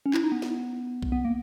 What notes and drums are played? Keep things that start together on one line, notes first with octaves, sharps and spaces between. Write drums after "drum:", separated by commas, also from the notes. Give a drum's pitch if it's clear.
C#4
E4, drum: clap
D#4
B3
drum: snare
drum: kick B1
B3
A#3